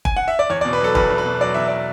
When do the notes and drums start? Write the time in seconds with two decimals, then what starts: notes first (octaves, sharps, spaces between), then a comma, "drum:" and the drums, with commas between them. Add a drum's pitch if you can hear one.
0.05 G#5, drum: kick
0.16 F#5
0.28 E5
0.39 D5
0.50 E2 C#5
0.61 D5
0.65 B2
0.73 B4
0.80 F#3 A4
0.95 E2 B4, drum: kick
1.11 E2
1.18 B4
1.25 B2
1.41 F#3 D5
1.54 E2 E5
1.68 D5